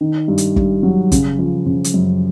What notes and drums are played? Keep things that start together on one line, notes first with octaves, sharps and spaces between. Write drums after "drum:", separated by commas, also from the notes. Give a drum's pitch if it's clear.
D#3
G2
drum: hi-hat
G2, drum: kick
F#3
C#3, drum: kick, hi-hat
F3
C#3
drum: hi-hat
F#2